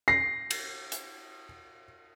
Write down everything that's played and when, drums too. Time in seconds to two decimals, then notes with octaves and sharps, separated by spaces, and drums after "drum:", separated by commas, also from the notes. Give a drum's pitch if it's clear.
0.08 A#6 C7
0.51 drum: cymbal
0.92 drum: hi-hat